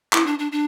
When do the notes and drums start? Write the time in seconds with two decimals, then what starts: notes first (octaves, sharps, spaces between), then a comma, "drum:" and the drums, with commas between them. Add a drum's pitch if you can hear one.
0.13 E4, drum: clap
0.26 D4
0.39 D4
0.52 D4